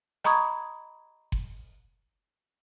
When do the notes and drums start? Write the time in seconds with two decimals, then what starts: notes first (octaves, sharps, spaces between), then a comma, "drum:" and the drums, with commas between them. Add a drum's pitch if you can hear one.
0.24 D#5 A#5 B5 C#6 D#6 G#6, drum: rim click
1.32 drum: kick F#1